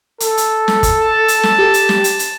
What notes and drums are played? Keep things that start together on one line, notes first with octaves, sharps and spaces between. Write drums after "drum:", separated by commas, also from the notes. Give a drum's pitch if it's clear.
A4, drum: hi-hat
drum: hi-hat
drum: snare
drum: kick, hi-hat
A5
drum: hi-hat
drum: snare
G4
drum: hi-hat
drum: snare
drum: hi-hat
drum: hi-hat